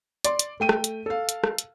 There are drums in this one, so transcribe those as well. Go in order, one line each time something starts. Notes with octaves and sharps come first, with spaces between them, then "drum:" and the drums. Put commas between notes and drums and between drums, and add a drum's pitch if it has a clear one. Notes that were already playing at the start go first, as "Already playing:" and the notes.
D5 C6, drum: hi-hat
drum: hi-hat
A3 G5 D#7
drum: rim click
drum: hi-hat
A4 F5
drum: hi-hat
drum: rim click
drum: hi-hat